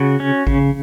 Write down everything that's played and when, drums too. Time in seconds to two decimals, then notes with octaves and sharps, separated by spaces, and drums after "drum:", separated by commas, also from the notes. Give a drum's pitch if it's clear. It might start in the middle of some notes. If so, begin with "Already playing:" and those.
Already playing: C#3 F#4
0.20 C#4
0.47 C#3, drum: kick A1